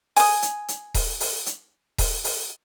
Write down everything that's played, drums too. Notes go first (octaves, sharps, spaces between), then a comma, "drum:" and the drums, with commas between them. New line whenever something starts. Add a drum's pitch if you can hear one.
G#5 D#6, drum: open hi-hat
drum: hi-hat
drum: hi-hat
drum: kick D#1, open hi-hat
drum: open hi-hat
drum: hi-hat
drum: kick D#1, open hi-hat
drum: open hi-hat